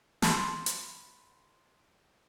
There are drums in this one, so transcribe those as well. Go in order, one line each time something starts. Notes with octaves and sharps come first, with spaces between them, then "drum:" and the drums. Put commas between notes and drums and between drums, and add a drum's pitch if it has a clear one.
A5 B5 C6, drum: snare
drum: hi-hat